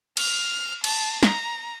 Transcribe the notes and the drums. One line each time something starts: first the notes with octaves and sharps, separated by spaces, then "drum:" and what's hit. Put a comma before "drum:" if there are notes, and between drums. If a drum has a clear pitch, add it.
F6, drum: cymbal
A5, drum: cymbal
A#5, drum: snare